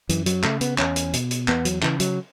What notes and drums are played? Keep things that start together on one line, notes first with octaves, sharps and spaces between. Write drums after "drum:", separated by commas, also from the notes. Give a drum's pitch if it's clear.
F#2 E3, drum: hi-hat
F#3, drum: hi-hat
C#3 A3, drum: clap
B3, drum: hi-hat
E2 C#4, drum: clap
drum: hi-hat
B2, drum: hi-hat
drum: hi-hat
E2 B3, drum: clap
F#3, drum: hi-hat
C#3 E3, drum: clap
F#3, drum: hi-hat